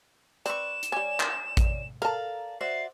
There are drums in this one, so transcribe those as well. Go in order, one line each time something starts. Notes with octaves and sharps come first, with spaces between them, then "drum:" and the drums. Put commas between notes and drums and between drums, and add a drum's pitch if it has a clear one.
C4 B4 D5 C#6 E7, drum: hi-hat
drum: hi-hat
G3 C#4 C#5 D5 G#5
drum: clap
drum: kick A1, hi-hat
A4 A#4 D5 F5 A5 A#5
F#4 C5 D5 E5 C7